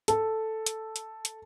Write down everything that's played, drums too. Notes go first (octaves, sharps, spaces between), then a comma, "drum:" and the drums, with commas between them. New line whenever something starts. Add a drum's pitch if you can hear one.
A4, drum: hi-hat
drum: hi-hat
drum: hi-hat
drum: hi-hat